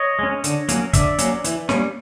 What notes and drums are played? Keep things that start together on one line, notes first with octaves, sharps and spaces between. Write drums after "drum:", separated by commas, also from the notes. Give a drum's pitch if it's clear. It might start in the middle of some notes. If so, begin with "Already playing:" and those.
Already playing: C#5 D#5
G#3 C#4
D3, drum: hi-hat
F#3 A#3 C#4, drum: hi-hat
D3 D5 E5, drum: kick, hi-hat
F#3 A#3 C#4, drum: hi-hat
E3, drum: hi-hat
G3 A#3 C#4, drum: snare